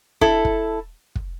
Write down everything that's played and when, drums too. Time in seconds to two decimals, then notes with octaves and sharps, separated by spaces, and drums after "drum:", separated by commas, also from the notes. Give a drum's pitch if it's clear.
0.21 E4 A4, drum: kick
0.45 drum: kick
1.15 drum: kick